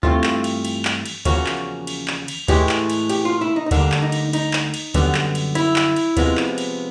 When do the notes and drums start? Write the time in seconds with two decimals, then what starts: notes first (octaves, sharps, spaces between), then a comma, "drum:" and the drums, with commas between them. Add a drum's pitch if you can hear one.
0.03 G2 E3 A3 C4 F4, drum: kick
0.24 drum: clap
0.44 drum: cymbal
0.65 drum: cymbal
0.85 drum: clap
1.06 drum: cymbal
1.25 E2 C#3 F3 A#3 C#4 F#4, drum: kick, cymbal
1.46 drum: clap
1.87 drum: cymbal
2.08 drum: clap
2.28 drum: cymbal
2.48 A2 E3 G#3 G4, drum: kick, cymbal
2.69 drum: clap
2.90 drum: cymbal
3.09 G4, drum: cymbal
3.25 F4
3.41 E4
3.56 D#4
3.66 D#4
3.71 D2 D3 G3 A#3 D4, drum: kick, cymbal
3.92 drum: clap
4.02 D#4
4.12 drum: cymbal
4.33 D#4, drum: cymbal
4.53 drum: clap
4.74 drum: cymbal
4.94 F#2 D3 G3 B3, drum: kick, cymbal
5.15 drum: clap
5.35 drum: cymbal
5.55 E4, drum: cymbal
5.76 drum: clap
5.96 drum: cymbal
6.17 C3 F3 G#3 B3, drum: kick, cymbal
6.37 drum: clap
6.58 drum: cymbal